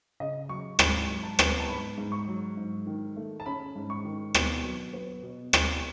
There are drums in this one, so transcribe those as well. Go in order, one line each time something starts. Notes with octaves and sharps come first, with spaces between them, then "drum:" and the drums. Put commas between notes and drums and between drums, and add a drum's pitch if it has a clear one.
C#3 D#5
F#3 C#6
G#2 B5, drum: rim click
F#3
A5
B3, drum: rim click
A5
G#2 B5
G#2
C#6
F#3
G#2
D#3
A3
A5
C#4 B5
G#2
C#6
D#3
B2, drum: rim click
F#3
B3
B2
B2, drum: rim click